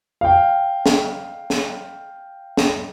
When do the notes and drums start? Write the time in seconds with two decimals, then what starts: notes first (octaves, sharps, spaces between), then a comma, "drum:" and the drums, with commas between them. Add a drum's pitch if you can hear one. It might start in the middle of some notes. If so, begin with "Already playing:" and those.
0.21 F5 G5
0.86 drum: snare
1.50 drum: snare
2.57 drum: snare